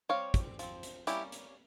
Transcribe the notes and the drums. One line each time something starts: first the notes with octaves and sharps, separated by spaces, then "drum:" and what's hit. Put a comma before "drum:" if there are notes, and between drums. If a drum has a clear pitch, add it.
G3 C4 C#5 F5
drum: kick, hi-hat
F3 C4, drum: hi-hat
drum: hi-hat
G3 A#3 C#4 E4 G4, drum: hi-hat
drum: hi-hat